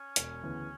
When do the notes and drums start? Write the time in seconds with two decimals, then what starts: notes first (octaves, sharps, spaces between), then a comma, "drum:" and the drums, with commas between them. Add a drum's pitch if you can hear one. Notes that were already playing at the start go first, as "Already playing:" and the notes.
Already playing: C#4
0.16 E1, drum: hi-hat
0.43 D2 C#3 E3 B3